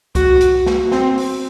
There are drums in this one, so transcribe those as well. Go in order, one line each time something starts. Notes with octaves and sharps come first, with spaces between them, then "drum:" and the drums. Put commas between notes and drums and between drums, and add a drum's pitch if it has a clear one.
F#4, drum: kick C2, hi-hat
drum: hi-hat
drum: snare
C4, drum: snare
drum: open hi-hat